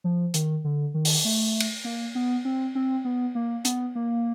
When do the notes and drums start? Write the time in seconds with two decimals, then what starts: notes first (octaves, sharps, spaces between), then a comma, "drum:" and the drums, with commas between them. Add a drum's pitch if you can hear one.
0.04 F3
0.34 D#3, drum: hi-hat
0.64 D3
0.94 D#3
1.05 drum: open hi-hat
1.25 A3
1.60 drum: cymbal
1.84 A#3
2.15 B3
2.45 C4
2.75 C4
3.05 B3
3.35 A#3
3.65 B3, drum: hi-hat
3.95 A#3